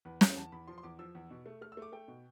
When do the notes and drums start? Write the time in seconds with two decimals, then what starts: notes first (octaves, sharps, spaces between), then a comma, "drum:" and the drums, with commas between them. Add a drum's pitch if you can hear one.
0.05 E2 B4
0.21 E2 F5, drum: snare
0.37 E2 A5
0.52 E2 B5
0.68 F3 C6
0.78 C6
0.83 E2 D6
0.99 F3 E6
1.15 E2
1.30 B2
1.46 A3
1.61 A3 F6
1.72 E6
1.77 A3 D6
1.92 A3 G5
2.08 B2